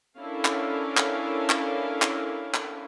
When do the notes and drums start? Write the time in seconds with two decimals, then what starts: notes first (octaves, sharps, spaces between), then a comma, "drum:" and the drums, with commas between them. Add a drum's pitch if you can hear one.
0.19 C#4 D4 E4 A4 A#4 F5
0.45 drum: clap
0.97 drum: clap
1.50 drum: clap
2.02 drum: clap
2.54 drum: clap